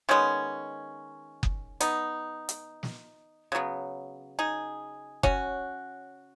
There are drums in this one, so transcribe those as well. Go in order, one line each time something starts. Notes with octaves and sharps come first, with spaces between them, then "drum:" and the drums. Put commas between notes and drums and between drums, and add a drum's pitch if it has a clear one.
D#3 G#3 B3 C#4
drum: kick F#1
B3 D#4, drum: hi-hat
drum: hi-hat
drum: snare
C#3 F#3 B3
D#4 G#4
C#4 F#4, drum: kick F#1